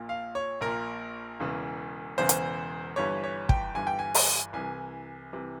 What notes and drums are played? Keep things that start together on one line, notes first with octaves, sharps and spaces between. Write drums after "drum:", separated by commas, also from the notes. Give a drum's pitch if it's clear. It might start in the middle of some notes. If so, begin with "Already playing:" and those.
Already playing: A#1 A#2
F5
C#5
A#1 A#2 A#4
E1 E2 C#3 E3
E1 E2 C#3 E3 C5
drum: hi-hat
G1 G2 E3 C#5
C#5
G5, drum: kick
G1 G2 E3 G#5
G5
G#5
drum: open hi-hat
C2 C3 E3 G#5
C2 C3 E3